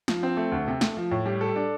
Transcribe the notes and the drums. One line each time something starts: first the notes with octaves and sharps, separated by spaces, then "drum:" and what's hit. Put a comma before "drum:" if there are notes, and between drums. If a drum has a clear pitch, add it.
F3, drum: snare
C4
A3
D2
C3
A3, drum: snare
F3
A2
G3
A4
D4